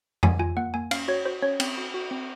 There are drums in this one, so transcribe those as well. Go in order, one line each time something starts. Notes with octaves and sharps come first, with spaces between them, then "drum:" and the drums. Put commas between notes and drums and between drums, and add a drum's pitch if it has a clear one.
G#4 G#5, drum: tom F2
F4 G#5
A#3 F#5
A#3 G#5
C#4 F5, drum: cymbal
F#4 C#5
F#4 C5
C#4 C#5
C4, drum: cymbal
F#4
F#4
C4